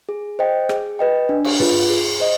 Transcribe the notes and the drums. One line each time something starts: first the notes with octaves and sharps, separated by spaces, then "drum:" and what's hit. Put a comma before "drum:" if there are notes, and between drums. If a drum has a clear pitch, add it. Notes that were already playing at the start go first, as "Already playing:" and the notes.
G#4
C5 D#5 G5
G#4, drum: rim click
B4 D#5 G5
D4
drum: cymbal
F4 G#4 B4, drum: tom
G#4
C5 D#5